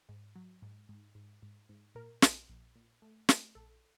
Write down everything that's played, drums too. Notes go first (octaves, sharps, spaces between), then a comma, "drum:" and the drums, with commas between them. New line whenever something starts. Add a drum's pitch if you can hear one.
G#2
F#3
G#2
G#2
G#2
G#2
G#2
A#2 A#4
A#1, drum: snare
A#1
A#2
A3
A3, drum: snare
A#1 A4